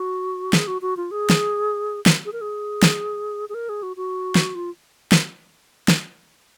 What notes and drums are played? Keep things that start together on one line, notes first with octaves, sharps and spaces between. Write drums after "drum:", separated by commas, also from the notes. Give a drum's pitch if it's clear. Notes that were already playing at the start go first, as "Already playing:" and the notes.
Already playing: F#4
G#4, drum: snare
F#4
F#4
F4
G#4
drum: snare
drum: snare
G#4
A#4
G#4
drum: snare
G#4
A#4
G#4
F#4
F#4
drum: snare
F4
drum: snare
drum: snare